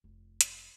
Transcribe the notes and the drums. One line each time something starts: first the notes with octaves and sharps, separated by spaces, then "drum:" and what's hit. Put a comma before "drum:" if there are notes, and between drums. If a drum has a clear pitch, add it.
F1
drum: hi-hat